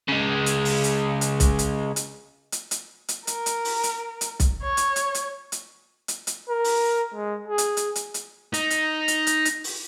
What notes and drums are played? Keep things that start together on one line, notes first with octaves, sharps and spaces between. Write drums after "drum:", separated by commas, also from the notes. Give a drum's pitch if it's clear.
C#3 G#3
drum: hi-hat
drum: open hi-hat
drum: hi-hat
drum: hi-hat
drum: kick B1, hi-hat
drum: hi-hat
drum: hi-hat
drum: hi-hat
drum: hi-hat
drum: hi-hat
A#4, drum: hi-hat
drum: hi-hat
drum: open hi-hat
drum: hi-hat
drum: hi-hat
drum: kick B1, hi-hat
C#5
drum: hi-hat
drum: hi-hat
drum: hi-hat
drum: hi-hat
drum: hi-hat
drum: hi-hat
A#4
drum: open hi-hat
G#3
G#4
drum: hi-hat
drum: hi-hat
drum: hi-hat
drum: hi-hat
D#4, drum: hi-hat
drum: hi-hat
drum: hi-hat
drum: hi-hat
drum: hi-hat
drum: open hi-hat